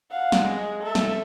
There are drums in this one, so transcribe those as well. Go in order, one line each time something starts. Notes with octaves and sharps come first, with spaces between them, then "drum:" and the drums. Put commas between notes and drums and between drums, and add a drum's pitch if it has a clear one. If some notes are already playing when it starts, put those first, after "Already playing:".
F5 F#5
drum: snare
G#3
A4 E5
drum: snare